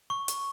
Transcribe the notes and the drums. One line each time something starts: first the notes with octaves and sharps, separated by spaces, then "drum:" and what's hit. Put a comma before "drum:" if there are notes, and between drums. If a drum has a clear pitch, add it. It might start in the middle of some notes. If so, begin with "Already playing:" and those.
C#6
drum: hi-hat